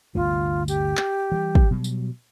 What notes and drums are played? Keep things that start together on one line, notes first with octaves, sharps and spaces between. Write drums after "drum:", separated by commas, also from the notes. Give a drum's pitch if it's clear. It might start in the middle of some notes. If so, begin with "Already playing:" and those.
G1 D2 C3 F4
G4, drum: tambourine
drum: clap
E3 G3
drum: kick
B2 F#3 G3
drum: tambourine